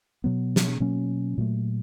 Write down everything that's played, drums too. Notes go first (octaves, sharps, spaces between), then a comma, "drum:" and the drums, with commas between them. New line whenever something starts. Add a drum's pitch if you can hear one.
B2 F#3 B3
drum: snare
B2 F#3 A#3 C#4
A#2 F#3 A3